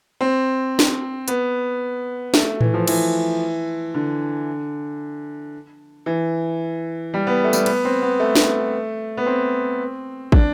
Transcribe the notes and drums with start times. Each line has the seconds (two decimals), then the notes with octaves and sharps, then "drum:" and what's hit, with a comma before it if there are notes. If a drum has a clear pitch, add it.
0.21 C4
0.79 drum: snare
1.28 B3, drum: hi-hat
2.34 A3, drum: snare
2.61 E3, drum: tom A2
2.74 F3
2.88 E3, drum: cymbal
3.94 D3
6.06 E3
7.14 G3
7.27 B3
7.44 A3
7.53 G3, drum: tambourine
7.66 B3, drum: cymbal
7.85 C4
8.02 B3
8.20 A3
8.35 drum: snare
9.17 B3
9.26 C4
10.32 D4, drum: kick